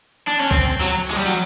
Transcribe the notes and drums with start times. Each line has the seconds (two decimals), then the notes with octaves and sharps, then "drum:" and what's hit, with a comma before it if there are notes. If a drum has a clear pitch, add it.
0.27 D4
0.40 C#4
0.51 C4, drum: kick C2
0.81 F#3
1.10 G#3
1.17 G3
1.25 F#3